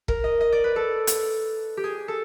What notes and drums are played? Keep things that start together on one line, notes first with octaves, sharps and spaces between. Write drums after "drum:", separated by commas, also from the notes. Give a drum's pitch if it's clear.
A#4, drum: kick
D#5
D#5
D5
B4
A4
drum: hi-hat
G4
G#4
A4